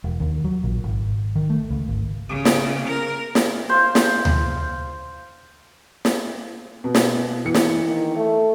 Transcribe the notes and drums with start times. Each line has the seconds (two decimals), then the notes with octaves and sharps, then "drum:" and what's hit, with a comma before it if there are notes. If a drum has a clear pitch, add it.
0.04 E1
0.20 D#2
0.44 F#3
0.64 A#1
0.83 G#1
1.35 D#3
1.50 A3
1.70 C#2
1.88 G#1
2.29 C#3
2.45 drum: snare
2.88 A#4
3.35 drum: snare
3.69 C5 F5
3.95 drum: snare
4.25 drum: tom D2
6.05 drum: snare
6.84 B2
6.95 drum: snare
7.45 E3 C#7
7.54 drum: snare
7.84 D#3
8.16 A3